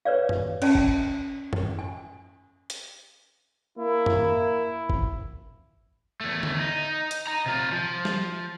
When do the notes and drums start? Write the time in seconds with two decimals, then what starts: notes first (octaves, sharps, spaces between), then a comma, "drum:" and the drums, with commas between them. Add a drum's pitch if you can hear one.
0.05 B4 C#5 D5 F5
0.29 drum: tom F#2
0.62 C#4 D5 A5, drum: cymbal
0.75 drum: kick
1.53 drum: tom F#2
1.79 G#5
2.70 drum: hi-hat
3.78 A#3 E4
4.06 drum: tom F#2
4.90 drum: kick
6.21 E2 A3
6.43 drum: tom D3
6.59 D#4
7.11 drum: hi-hat
7.27 D#5 A#5
7.46 C3 F4
7.73 F3
8.05 drum: snare